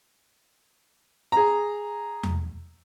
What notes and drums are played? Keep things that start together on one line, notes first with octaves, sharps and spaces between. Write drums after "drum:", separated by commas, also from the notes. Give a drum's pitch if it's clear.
G#4 A#5
drum: tom E2